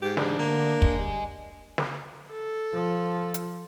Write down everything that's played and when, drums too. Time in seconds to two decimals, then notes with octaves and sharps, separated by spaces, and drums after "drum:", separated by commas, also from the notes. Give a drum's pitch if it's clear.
0.02 G#2 G4
0.17 E3 D4 G4, drum: snare
0.39 D2 A#3
0.82 D#5 G#5, drum: kick
0.99 G3
1.78 drum: snare
2.30 A4
2.73 F3
3.34 drum: hi-hat